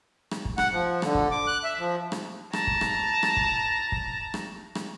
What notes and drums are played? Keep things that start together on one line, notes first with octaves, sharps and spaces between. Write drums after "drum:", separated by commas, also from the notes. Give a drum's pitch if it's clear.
drum: rim click
drum: kick
F#5, drum: rim click
F3
D3, drum: rim click
drum: kick
D6
F#6
E5
F3
drum: rim click
A5 A#5, drum: rim click
drum: kick
drum: rim click
drum: rim click
drum: kick
drum: kick
drum: rim click
drum: rim click